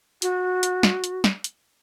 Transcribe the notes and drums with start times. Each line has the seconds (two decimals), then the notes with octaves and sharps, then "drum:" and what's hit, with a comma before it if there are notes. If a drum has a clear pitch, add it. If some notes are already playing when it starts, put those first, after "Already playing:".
0.22 F#4, drum: hi-hat
0.63 drum: hi-hat
0.83 drum: snare
1.04 drum: hi-hat
1.24 drum: snare
1.44 drum: hi-hat